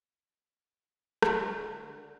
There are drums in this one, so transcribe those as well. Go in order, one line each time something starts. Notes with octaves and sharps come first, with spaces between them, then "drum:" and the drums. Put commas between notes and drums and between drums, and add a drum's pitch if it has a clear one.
drum: rim click
D3
D3